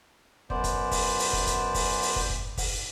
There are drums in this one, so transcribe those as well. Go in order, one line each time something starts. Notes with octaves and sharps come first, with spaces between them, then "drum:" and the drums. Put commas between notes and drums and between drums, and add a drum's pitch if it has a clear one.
F#2 B3 C5 D5, drum: kick
drum: kick, hi-hat
drum: kick, open hi-hat
drum: open hi-hat
drum: kick
drum: kick, hi-hat
drum: kick, open hi-hat
drum: open hi-hat
drum: kick
drum: kick
drum: kick, open hi-hat